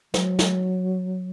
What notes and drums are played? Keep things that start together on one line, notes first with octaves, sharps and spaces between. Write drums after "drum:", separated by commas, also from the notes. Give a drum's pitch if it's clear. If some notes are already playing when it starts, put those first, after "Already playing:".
F#3, drum: snare
drum: snare